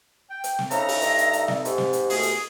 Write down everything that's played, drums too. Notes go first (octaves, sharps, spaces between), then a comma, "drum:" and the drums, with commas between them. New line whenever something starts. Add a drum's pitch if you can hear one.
G5
drum: hi-hat
drum: snare
C#3 D#4 A4 C5 E5 A#5, drum: hi-hat
drum: open hi-hat
G2 A#6, drum: hi-hat
drum: hi-hat
D5, drum: hi-hat
drum: snare
G#2 G4, drum: hi-hat
drum: snare
drum: hi-hat
B2 A3 G#4, drum: open hi-hat
drum: hi-hat